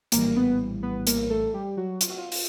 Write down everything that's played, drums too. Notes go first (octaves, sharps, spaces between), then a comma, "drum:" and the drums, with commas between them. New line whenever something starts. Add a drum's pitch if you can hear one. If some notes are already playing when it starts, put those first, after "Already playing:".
A#1 A2 E3 G3 A#3 A#4, drum: hi-hat
B3 B4
B3 B4
A#3 A#4, drum: hi-hat
A3 A4
G3 G4
F#3 F#4
F4, drum: hi-hat
F#4
F4
F4, drum: open hi-hat